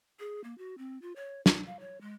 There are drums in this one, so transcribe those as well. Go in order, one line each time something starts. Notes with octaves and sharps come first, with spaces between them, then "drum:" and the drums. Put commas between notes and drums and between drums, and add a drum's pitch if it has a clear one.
G#4
A#3
F#4
C4
F4
C#5
D4, drum: snare
F5
C#5
G#3